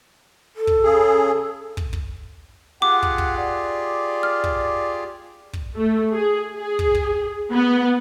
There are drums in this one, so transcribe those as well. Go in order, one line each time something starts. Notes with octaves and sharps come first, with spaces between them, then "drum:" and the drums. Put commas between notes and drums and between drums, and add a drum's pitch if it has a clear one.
A4
drum: kick
C#3 G#4
drum: kick
drum: kick
F4 G4 G#4 F#5 D6
drum: kick
drum: kick
D5
F6
drum: kick
drum: kick
A3
G#4
G#4
drum: kick
drum: kick
B3